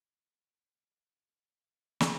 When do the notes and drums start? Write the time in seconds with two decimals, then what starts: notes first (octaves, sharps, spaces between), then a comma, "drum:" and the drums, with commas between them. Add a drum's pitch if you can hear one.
0.12 A#3
0.79 G4
1.55 E5
2.00 drum: snare